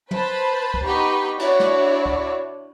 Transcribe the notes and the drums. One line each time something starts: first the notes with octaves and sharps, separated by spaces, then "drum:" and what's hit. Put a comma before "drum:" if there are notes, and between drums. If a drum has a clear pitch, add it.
B4 C5 A5 B5, drum: tom
drum: kick C#2
B3 D#4 G4 B5 C#6
D4 E4 F#4 C#5 D5, drum: cymbal
drum: snare
drum: kick C#2